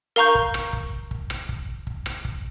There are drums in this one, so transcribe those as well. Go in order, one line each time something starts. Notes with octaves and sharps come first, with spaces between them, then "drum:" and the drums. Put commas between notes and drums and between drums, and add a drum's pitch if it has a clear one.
A#4 F5 A#5 C#6 G6
drum: kick
drum: rim click
drum: kick
drum: kick
drum: rim click
drum: kick
drum: kick
drum: rim click
drum: kick